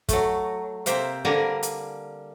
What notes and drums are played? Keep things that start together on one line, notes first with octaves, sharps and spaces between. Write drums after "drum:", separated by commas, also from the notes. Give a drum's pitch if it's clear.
F#3 A3, drum: kick, hi-hat
C3 A#3 C5 E5 G5, drum: hi-hat
D3 G3 A#3 A#4 G#5 A#5
drum: hi-hat